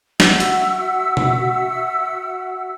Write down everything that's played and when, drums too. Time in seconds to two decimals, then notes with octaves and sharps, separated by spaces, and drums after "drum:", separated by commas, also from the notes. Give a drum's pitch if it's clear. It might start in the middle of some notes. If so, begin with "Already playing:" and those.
0.20 F#4 E5 F#5 E6, drum: snare
0.40 drum: hi-hat
1.17 drum: tom B2